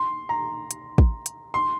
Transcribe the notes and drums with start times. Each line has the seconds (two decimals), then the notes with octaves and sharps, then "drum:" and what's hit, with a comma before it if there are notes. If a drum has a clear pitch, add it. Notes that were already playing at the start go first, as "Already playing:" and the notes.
Already playing: C6
0.29 A#5
0.71 drum: hi-hat
0.98 drum: kick
1.26 drum: hi-hat
1.54 C6